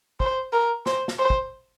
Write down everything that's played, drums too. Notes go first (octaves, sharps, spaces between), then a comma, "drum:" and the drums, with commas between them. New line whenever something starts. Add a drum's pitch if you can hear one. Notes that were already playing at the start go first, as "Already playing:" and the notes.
C5, drum: kick
A#4
C5, drum: snare
drum: snare
C5
drum: kick